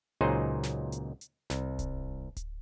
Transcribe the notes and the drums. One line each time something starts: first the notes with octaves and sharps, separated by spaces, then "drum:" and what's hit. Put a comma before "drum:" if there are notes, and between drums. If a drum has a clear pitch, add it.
C#2 A#2 F#3 D#4 G#4 C5
drum: snare
drum: hi-hat
drum: hi-hat
C2, drum: snare
drum: kick D1, hi-hat
drum: kick D1, hi-hat